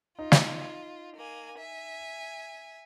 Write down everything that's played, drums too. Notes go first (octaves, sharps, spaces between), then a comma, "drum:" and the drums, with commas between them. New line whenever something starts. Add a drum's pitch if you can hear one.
D#4 F4
drum: snare
A#3 G#5
E5 G#5